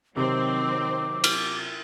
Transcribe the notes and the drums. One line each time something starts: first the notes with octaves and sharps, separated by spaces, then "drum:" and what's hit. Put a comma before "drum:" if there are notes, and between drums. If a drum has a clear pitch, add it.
C3 D#3 F#3 C4 D6
drum: cymbal